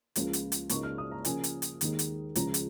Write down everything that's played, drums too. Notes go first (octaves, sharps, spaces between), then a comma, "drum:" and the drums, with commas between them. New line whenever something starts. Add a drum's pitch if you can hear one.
C#2 C#3 F3 A#3, drum: hi-hat
drum: hi-hat
drum: hi-hat
C#2 C#3 A#3 D#4 C#6, drum: hi-hat
F6
D#6
A#5
C#3 F3 A#3 C#4 G#5, drum: hi-hat
drum: hi-hat
drum: hi-hat
D#2 D#3 G#3, drum: hi-hat
drum: hi-hat
C#2 C#3 F3 G#3 A#5, drum: hi-hat
drum: hi-hat